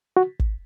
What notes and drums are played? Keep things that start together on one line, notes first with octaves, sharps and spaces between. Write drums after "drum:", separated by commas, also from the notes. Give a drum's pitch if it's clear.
F#4
drum: kick